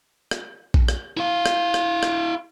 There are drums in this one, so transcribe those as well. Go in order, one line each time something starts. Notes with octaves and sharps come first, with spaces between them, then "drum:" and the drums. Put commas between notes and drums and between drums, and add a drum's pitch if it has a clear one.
drum: rim click
drum: kick A#1
drum: rim click
E4 F5
drum: rim click
drum: rim click
drum: rim click